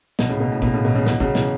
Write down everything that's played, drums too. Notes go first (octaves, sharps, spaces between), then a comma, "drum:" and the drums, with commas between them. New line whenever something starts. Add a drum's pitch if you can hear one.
B2, drum: snare
A2 C#3
B2
A2
B2, drum: kick
A2 C#3
B2 E3
C#3 F#3
B2 E3, drum: snare
C#3 F#3, drum: kick
B2 E3, drum: snare